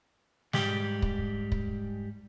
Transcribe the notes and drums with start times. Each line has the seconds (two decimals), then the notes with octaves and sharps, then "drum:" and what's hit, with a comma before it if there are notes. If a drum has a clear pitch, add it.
0.53 G#2 G3 G4, drum: snare
1.02 drum: kick
1.52 drum: kick